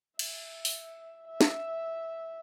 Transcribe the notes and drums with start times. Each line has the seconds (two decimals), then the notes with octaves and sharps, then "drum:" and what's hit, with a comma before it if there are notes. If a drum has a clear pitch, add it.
0.19 E5, drum: cymbal
0.65 drum: open hi-hat
1.27 E5
1.41 drum: snare